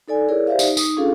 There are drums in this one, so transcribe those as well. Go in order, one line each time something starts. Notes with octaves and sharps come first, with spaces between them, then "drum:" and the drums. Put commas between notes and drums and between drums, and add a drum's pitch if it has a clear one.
D#4 A4 D5 G#5
E4 G#4 A#4 C#5 D5
G4 C5 D5 E5 F5
D#4, drum: tambourine
D#4 D#6, drum: tambourine
C#4 D4 F4 G#4 A4 F5